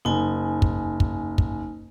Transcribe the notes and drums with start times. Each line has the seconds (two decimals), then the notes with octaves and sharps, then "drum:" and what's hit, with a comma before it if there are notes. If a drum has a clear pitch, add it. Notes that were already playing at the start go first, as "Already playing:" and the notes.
0.05 F#1 D#4 G#5
0.62 drum: kick
1.00 drum: kick
1.38 drum: kick